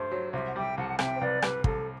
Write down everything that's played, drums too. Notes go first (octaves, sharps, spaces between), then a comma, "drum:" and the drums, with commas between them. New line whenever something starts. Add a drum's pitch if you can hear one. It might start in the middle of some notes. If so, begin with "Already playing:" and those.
Already playing: G2 A3 C5
F#3
C2 C5 E5
F#5
G3 E5 G5
C2 F#5 A5
F#5
C3 E5 G5, drum: rim click
C5
C2 B4 D5
G3 B4, drum: rim click
C2 A4, drum: kick